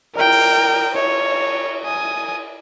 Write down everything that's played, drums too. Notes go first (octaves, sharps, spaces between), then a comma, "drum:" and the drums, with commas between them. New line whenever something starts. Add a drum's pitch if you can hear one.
A#4 G5, drum: cymbal
drum: open hi-hat
C#5, drum: cymbal
G#5 D#6